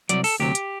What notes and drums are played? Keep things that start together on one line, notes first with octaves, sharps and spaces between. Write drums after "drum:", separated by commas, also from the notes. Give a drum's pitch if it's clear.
C2 B2 F#3 D5, drum: hi-hat
A4, drum: open hi-hat
D2 C3 F#3 G4
drum: hi-hat